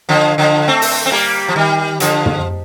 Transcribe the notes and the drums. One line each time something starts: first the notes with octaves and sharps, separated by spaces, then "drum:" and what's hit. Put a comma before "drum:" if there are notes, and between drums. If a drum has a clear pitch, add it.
D3 F3
D3 F3
A3 C4
drum: open hi-hat
C4
G3 A#3
F3
D#3 G3
D3 F3, drum: hi-hat
drum: tom